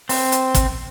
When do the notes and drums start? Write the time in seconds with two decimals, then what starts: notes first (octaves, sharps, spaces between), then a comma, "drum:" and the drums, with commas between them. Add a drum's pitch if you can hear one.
0.09 C4, drum: open hi-hat
0.32 drum: hi-hat
0.55 drum: kick, hi-hat